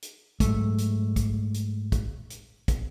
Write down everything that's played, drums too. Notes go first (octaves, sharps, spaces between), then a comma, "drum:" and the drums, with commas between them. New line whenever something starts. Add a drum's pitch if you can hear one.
drum: hi-hat
G#2 F#3 G#3 A3, drum: kick, hi-hat
drum: hi-hat
drum: kick, hi-hat
drum: hi-hat
drum: kick, hi-hat
drum: hi-hat
drum: kick, hi-hat